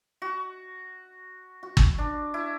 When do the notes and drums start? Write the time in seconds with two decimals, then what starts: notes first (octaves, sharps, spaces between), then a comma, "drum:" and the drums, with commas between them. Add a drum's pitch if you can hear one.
0.22 F#4
1.63 F#4
1.77 drum: kick G1
1.98 D4
2.34 E4